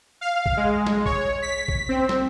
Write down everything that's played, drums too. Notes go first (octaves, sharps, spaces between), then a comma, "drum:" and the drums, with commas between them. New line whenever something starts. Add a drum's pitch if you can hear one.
F5
drum: kick A#1
G#3
drum: snare
C#5, drum: kick A#1
B6
drum: kick A#1
C4
drum: snare